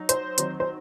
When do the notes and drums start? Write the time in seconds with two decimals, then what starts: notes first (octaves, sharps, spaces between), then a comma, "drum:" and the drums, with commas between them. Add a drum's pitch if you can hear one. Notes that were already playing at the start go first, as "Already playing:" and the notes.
Already playing: F#3 D#4
0.09 C5, drum: hi-hat
0.38 D#3 F#3 C4 D#4, drum: hi-hat
0.60 C5